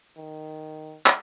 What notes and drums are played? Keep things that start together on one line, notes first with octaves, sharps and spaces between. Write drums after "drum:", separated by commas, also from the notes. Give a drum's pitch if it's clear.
D#3
drum: clap